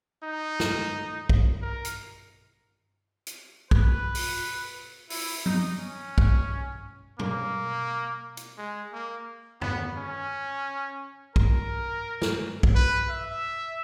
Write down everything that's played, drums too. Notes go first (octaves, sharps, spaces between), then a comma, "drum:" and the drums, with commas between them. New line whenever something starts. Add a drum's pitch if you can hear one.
D#4
drum: snare
drum: kick
A#4
drum: hi-hat
drum: hi-hat
B4, drum: kick
drum: open hi-hat
E4, drum: open hi-hat
D#4, drum: tom F3
C#4
drum: kick
A#3, drum: tom
drum: hi-hat
G#3
A#3
B3, drum: tom E2
C#4
A#4, drum: kick
drum: snare
drum: kick
B4
E5